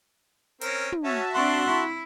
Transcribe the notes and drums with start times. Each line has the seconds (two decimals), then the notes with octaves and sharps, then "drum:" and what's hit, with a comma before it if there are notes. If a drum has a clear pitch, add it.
0.61 C4 C#4 A#4, drum: hi-hat
0.92 drum: tom
1.04 C#4 F#4 E5 A5
1.35 C4 D4 F#5 C6 C#6
1.66 E4